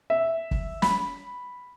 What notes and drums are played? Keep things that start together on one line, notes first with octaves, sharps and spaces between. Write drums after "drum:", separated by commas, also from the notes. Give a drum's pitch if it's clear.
E5
drum: kick
B5, drum: snare